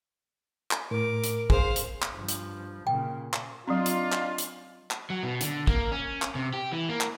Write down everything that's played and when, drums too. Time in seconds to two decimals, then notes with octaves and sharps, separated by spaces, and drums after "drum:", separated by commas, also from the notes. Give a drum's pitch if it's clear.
0.71 drum: clap
0.91 A2 A#4 D6
1.24 drum: hi-hat
1.50 G#4 C5 F5, drum: kick
1.76 drum: hi-hat
2.02 drum: clap
2.13 G2 F3
2.29 drum: hi-hat
2.87 A#2 C#3 G5
3.33 drum: clap
3.67 F#3 C4 D4 D#4 F4
3.86 drum: hi-hat
4.12 drum: clap
4.38 drum: hi-hat
4.91 drum: clap
5.10 F#3
5.23 B2
5.41 D3, drum: hi-hat
5.67 A#3, drum: kick
5.92 C#4
6.22 drum: clap
6.35 C3
6.53 G4
6.72 E3
6.89 A#3
7.01 drum: clap